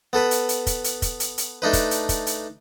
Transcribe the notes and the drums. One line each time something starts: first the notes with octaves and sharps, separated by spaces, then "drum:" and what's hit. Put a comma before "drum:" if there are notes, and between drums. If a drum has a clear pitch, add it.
B3 A4 B4 B5
drum: hi-hat
drum: hi-hat
drum: kick, hi-hat
drum: hi-hat
drum: kick, hi-hat
drum: hi-hat
drum: hi-hat
A3 D4 D#4 B4
drum: kick, hi-hat
drum: hi-hat
drum: kick, hi-hat
drum: hi-hat